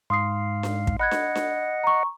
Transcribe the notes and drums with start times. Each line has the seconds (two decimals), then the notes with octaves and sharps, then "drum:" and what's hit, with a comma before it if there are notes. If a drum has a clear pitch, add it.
0.10 G#2 F5 C6 D#6 C7
0.63 drum: snare D4
0.87 drum: kick
0.99 D#5 F#5 B5 F#6 G#6
1.11 drum: snare D4
1.35 drum: snare D4
1.84 A#5 C#6